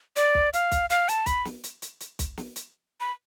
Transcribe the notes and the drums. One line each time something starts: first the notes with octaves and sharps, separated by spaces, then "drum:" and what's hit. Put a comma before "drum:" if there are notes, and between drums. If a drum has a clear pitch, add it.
D5, drum: hi-hat
drum: kick
F5, drum: hi-hat
drum: kick, hi-hat
F5, drum: hi-hat
A5, drum: hi-hat
B5, drum: kick, hi-hat
drum: snare
drum: hi-hat
drum: hi-hat
drum: hi-hat
drum: kick, hi-hat
drum: snare
drum: hi-hat
B5